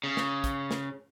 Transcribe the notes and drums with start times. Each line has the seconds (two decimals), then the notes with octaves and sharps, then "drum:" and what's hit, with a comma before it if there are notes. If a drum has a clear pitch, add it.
0.04 C#3
0.17 drum: snare
0.44 drum: kick, hi-hat
0.71 drum: snare